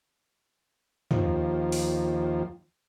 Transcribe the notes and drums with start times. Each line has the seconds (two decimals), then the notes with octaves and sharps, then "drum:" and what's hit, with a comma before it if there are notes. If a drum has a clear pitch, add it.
1.11 D#2 F3, drum: tom
1.72 drum: open hi-hat